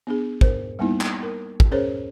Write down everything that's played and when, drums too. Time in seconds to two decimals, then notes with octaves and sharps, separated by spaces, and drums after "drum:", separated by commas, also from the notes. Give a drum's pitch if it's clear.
0.07 B3 D4 G#4
0.41 A#4 C5, drum: kick
0.79 G3 A#3 B3 D#4 E4
1.01 drum: clap
1.23 A#4
1.60 drum: kick
1.72 C#4 G#4 A#4 C5 C#5